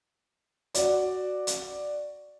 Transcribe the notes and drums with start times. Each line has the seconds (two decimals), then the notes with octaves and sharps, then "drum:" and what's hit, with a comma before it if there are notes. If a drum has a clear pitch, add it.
0.74 F#4 D5, drum: hi-hat
1.47 drum: hi-hat